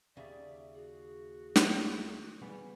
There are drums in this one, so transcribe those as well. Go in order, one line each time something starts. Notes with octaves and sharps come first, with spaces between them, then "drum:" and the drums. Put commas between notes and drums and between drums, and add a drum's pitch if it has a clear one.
D#2 C#3 D5 E5
F#4 G#4
drum: snare
C#3 E3 G3 B3